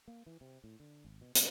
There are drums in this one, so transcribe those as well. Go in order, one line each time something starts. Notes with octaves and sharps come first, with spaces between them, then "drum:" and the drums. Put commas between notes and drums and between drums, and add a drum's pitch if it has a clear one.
A#3
E3
C3
A2
D3
G#1
B2
D3, drum: hi-hat